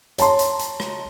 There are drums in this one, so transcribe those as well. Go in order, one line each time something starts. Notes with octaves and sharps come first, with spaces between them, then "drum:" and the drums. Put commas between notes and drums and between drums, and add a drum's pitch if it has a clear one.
C#5 A5 A#5 C6, drum: hi-hat
drum: hi-hat
drum: hi-hat
drum: rim click